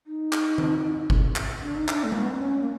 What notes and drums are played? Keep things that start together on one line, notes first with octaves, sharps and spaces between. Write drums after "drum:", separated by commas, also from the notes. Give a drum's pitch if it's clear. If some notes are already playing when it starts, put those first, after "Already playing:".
D#4
drum: clap
drum: tom D#3
drum: kick F#1
drum: clap
D4
D#4
D4, drum: clap
A3
A#3, drum: tom G#3
B3
C4
C#4
A#3